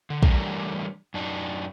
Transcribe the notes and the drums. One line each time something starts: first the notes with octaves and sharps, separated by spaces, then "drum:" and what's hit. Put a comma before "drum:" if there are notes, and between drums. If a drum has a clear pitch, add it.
D3
E3 G3 A3 D4 A#4, drum: kick A#1
F#2 D4 D#4